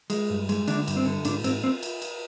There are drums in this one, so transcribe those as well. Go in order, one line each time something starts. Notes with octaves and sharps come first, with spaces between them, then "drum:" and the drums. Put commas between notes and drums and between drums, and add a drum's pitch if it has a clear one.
G#3, drum: cymbal
G2
G#3, drum: cymbal
D3 D4, drum: cymbal
G2, drum: cymbal
C4
D3
G#2 D4, drum: cymbal
G#2 C4, drum: cymbal
C4
drum: cymbal
drum: cymbal